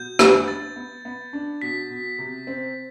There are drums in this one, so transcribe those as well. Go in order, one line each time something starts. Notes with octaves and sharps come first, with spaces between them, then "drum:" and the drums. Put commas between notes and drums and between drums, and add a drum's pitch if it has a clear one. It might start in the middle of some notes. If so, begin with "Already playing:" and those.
Already playing: B2 G6
D4, drum: rim click
B3 A6
B3
B3
D4
B2 B6
B2
C3
C4